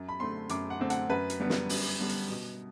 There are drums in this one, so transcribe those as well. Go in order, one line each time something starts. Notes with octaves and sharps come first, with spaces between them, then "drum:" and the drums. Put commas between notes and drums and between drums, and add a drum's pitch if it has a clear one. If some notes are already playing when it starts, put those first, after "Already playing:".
Already playing: F#2
B5
D3 A3 C4 C6
F#2 D6, drum: hi-hat
F#5
D3 A3 C4
F#5, drum: hi-hat
F#2 B4
drum: hi-hat
D3 G3 B3
drum: snare
F#2, drum: open hi-hat
D3 G3 B3
drum: hi-hat
B2